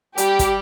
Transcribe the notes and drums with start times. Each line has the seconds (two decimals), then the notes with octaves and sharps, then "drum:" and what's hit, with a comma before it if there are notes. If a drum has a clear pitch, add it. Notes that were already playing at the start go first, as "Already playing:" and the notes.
0.18 G3 G4, drum: hi-hat
0.39 drum: kick, hi-hat